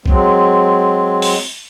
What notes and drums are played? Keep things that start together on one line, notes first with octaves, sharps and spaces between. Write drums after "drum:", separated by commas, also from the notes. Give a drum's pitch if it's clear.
F#3 G#3 C4, drum: kick A#1
drum: open hi-hat